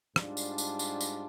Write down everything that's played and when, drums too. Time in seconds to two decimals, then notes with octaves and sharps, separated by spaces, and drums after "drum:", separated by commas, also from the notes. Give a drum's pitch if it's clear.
0.16 G#2 G3 D4 F4, drum: rim click
0.37 drum: tambourine
0.58 drum: tambourine
0.79 drum: tambourine
1.01 drum: tambourine